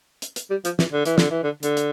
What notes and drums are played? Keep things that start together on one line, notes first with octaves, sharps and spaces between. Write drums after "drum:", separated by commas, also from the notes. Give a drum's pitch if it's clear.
drum: hi-hat
drum: hi-hat
G3
F3, drum: hi-hat
E3, drum: snare
D3
E3, drum: hi-hat
D3, drum: snare
E3
D3
D3, drum: hi-hat
drum: hi-hat